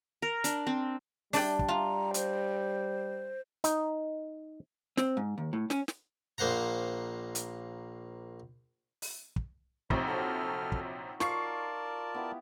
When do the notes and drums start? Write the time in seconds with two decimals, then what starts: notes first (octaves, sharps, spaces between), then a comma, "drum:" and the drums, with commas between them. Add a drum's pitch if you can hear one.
0.22 A#4
0.44 D4, drum: hi-hat
0.67 C4
1.33 G3 D4 D5 G5, drum: open hi-hat
1.59 drum: kick
1.68 F4 A#5
2.14 C5, drum: hi-hat
3.64 D#4, drum: hi-hat
4.97 C4, drum: snare
5.17 G#2
5.38 D#2
5.53 A2
5.70 C#4, drum: snare
5.88 drum: snare
6.38 A#1 A#3 C5 F#5 A#5
7.35 drum: hi-hat
9.02 drum: open hi-hat
9.36 drum: kick
9.90 A#1 C3 D#4 C#5 F#5, drum: kick
10.07 F#3 F#4 A4 F6
10.72 drum: kick
11.20 F4 A#4 D5 A5 C#6 C7, drum: snare
12.14 B3 E4 G4